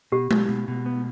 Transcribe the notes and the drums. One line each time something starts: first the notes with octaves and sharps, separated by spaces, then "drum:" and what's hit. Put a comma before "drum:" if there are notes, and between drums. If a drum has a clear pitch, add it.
B2 G4
B2, drum: tom G#3
B2
B2
B3